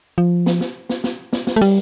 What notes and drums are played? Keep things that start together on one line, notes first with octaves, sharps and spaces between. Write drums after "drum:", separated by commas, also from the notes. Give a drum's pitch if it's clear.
F3
drum: snare
drum: snare
drum: snare
drum: snare
drum: snare
drum: snare
A3
G3, drum: open hi-hat